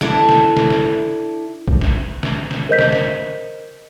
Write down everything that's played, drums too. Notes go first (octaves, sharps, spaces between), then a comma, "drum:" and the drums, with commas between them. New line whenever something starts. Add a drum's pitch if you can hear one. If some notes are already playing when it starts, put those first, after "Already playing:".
D4 E4 A4, drum: snare
drum: snare
drum: snare
drum: snare
drum: kick A#1
drum: snare
drum: snare
drum: snare
A#4 C5 D#5 G6 B6
drum: snare
drum: snare